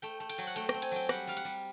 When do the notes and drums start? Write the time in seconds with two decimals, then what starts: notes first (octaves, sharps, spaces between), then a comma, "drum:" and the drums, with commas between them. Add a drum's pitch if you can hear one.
0.02 A3 G5
0.20 A3
0.29 G5, drum: cymbal
0.38 F#3
0.47 F#5
0.56 A3 G5, drum: cymbal
0.69 G5, drum: rim click
0.74 C4
0.82 G#5, drum: cymbal
0.91 F#3 G5
1.09 G3 F#5, drum: rim click
1.27 G3 F5
1.37 F#5, drum: cymbal
1.45 G3